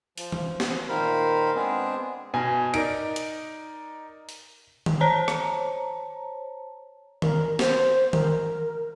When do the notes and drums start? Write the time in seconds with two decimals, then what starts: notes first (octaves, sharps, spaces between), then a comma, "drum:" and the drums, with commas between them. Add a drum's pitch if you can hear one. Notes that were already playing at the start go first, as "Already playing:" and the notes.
0.18 F3, drum: open hi-hat
0.32 drum: tom E3
0.60 drum: snare
0.89 A#2 D#3 A#4 C5 F5 B5
1.55 G#3 B3 C4 D4 G#4
2.34 B2 G#5
2.74 D#4 A#4 D5 D7, drum: cymbal
3.16 drum: hi-hat
4.29 drum: open hi-hat
4.86 drum: tom D#3
5.01 C5 C#5 A5 A#5
5.28 drum: rim click
7.22 A#4, drum: tom D#3
7.59 C5, drum: snare
8.13 A#4, drum: tom D#3